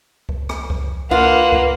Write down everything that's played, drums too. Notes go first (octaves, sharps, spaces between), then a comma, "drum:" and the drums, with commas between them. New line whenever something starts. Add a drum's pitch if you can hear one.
drum: kick C#2
drum: rim click
drum: kick C#2
A#3 F4 B4 F#5, drum: kick C#2
drum: kick C#2